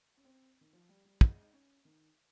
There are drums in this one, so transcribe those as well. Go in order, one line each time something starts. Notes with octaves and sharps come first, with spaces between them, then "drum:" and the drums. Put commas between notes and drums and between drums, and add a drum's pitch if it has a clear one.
C#4
C4
D#3
F3
G3
G3
G#3, drum: kick
D#4
C#4
D#3